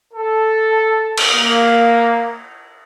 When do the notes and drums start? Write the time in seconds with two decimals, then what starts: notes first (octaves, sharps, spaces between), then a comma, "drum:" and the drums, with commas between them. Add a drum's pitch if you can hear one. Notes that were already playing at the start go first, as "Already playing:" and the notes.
0.14 A4
1.18 drum: cymbal
1.35 A#3